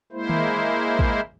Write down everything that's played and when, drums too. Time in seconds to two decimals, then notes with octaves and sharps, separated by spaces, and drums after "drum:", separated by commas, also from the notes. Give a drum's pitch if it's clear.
0.12 G#3 A#3 E4 C5
0.29 drum: tom D#3
0.99 drum: kick